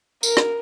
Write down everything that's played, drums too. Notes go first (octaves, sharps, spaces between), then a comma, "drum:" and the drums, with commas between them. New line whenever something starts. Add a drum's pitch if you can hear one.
A#4, drum: tambourine
drum: rim click